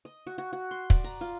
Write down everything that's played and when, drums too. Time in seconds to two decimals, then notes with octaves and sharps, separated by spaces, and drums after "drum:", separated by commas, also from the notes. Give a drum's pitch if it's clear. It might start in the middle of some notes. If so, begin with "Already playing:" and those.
0.05 D#5
0.27 F#4
0.38 F#4
0.53 F#4
0.71 C6
0.90 D5, drum: kick
1.04 A#5
1.21 F4